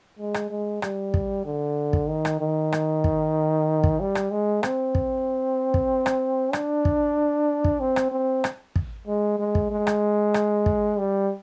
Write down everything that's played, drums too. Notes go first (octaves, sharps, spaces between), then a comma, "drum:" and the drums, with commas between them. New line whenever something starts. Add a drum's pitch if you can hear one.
G#3
drum: rim click
G#3
G3, drum: rim click
drum: kick
D3
drum: kick
D#3
drum: rim click
D#3
drum: rim click
drum: kick
drum: kick
G3
drum: rim click
G#3
C4, drum: rim click
drum: kick
drum: kick
drum: rim click
D4, drum: rim click
drum: kick
drum: kick
C4
drum: rim click
C4
drum: rim click
drum: kick
G#3
G#3
drum: kick
G#3
drum: rim click
drum: rim click
drum: kick
G3